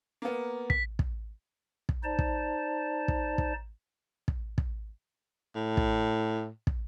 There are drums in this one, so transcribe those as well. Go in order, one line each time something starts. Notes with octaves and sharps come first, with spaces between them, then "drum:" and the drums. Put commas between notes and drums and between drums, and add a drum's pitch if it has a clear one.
A#3 B3
B6, drum: kick
drum: kick
drum: kick
D#4 C5 D5 A5
drum: kick
drum: kick
drum: kick
drum: kick
drum: kick
A2
drum: kick
drum: kick